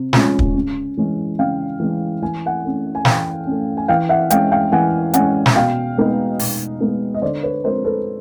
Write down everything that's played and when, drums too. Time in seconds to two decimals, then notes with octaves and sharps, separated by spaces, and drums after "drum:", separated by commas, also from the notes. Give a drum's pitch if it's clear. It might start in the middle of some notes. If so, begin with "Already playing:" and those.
Already playing: C3
0.13 F3 G#3 C#4, drum: snare
0.39 drum: kick
0.56 C#3
0.97 E3 G#3 C#4
1.39 C#3 F5 G5
1.80 E3 G#3 C#4
2.22 E3 G#5
2.46 F#5 G#5
2.64 A3 C#4
2.95 G#5
3.05 E3 F5 G5, drum: snare
3.47 A3 C#4
3.77 G#5
3.88 E3 F5 G5
4.09 E5 F#5
4.30 G#3 C#4 F5 G5, drum: hi-hat
4.52 F5 G5
4.72 E3 F#5 G#5
5.14 G#3 C#4 F#5 G#5, drum: hi-hat
5.46 drum: snare
5.55 B2 F5 G5
5.97 G#3 B3 D#4
6.39 B2, drum: open hi-hat
6.80 G#3 B3 D#4
7.14 D#5
7.22 D3 C5 D5
7.43 B4 C#5
7.64 F3 G#3 C4 A#4 C5
7.84 A4 B4